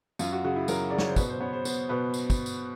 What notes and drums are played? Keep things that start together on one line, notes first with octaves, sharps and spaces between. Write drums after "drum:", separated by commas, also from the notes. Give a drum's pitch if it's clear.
F#2 F4, drum: tambourine
F#4
C#3 F#4
E4
F#3 A#4, drum: tambourine
C#3 D5
C#5, drum: snare
C5
B2 B4, drum: kick, tambourine
C5
B3 C#5
C5
B3 C5, drum: tambourine
B2 B4
drum: tambourine
drum: kick, tambourine
drum: tambourine